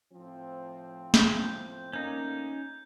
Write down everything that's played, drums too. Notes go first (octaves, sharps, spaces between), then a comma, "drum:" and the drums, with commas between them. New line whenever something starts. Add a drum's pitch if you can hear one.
A2 F3 C4
G6, drum: snare
D2 A3 A#3 C#4 D#4 G6